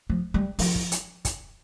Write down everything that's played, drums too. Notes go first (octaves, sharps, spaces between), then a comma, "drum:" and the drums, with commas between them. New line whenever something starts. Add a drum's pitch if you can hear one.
F3
G3
F3, drum: open hi-hat
drum: kick
drum: hi-hat
drum: kick, hi-hat